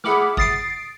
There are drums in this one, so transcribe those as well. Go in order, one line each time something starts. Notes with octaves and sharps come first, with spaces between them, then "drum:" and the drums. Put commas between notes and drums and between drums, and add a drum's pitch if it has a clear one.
G#4 E5 F#5 B5 D6 F6, drum: snare
D#6 A6 C7 D7, drum: kick G#1